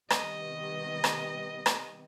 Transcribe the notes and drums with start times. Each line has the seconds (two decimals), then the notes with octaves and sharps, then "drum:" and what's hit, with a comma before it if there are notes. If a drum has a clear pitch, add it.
0.10 C3 D#3 G3 B3 D#5, drum: rim click
1.04 drum: rim click
1.66 drum: rim click